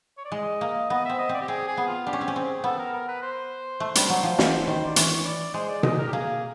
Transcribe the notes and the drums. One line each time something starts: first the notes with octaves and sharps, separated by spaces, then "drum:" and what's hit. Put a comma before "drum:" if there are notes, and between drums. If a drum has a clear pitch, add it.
C#5
D5
G#3 D#5
A#3
B3 D#5
C4 E5
D#5
C4 D5
G4
C4 G#4
G#4
B3
F4
D4 G4
C#4
C4
C#4
C4 G#4
B3 A4
A#4
A#4
B4
C5
A3
G3, drum: hi-hat
F#3
F3
E3, drum: snare
D#3
D5
E3 C#5, drum: hi-hat
C#5
D5
G#3 C5
D5
D#5, drum: tom B2
A#4
G4
A#3 G#4